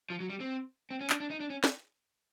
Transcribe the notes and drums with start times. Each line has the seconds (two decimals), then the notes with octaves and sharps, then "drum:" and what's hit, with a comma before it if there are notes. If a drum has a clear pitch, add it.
0.10 F3
0.20 F#3
0.30 G3
0.40 C4
0.91 C4
1.01 C#4
1.10 D4, drum: clap
1.20 D4
1.31 D#4
1.40 D4
1.50 C#4
1.64 drum: snare